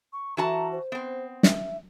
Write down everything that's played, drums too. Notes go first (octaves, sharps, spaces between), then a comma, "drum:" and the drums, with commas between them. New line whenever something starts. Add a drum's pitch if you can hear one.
C#6
E3 F#4 A5 A#5
C5
B3 C4
E5, drum: snare